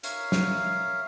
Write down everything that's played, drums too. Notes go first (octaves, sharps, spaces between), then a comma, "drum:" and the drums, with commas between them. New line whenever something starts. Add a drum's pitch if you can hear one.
A#4 C#5 E5 F5, drum: hi-hat
drum: snare